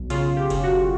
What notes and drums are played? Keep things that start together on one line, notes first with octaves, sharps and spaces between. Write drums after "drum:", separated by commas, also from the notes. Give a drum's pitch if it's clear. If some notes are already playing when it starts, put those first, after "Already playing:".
Already playing: B1
C#3 F4, drum: cymbal
G4
C#3, drum: kick F#1, cymbal
F#4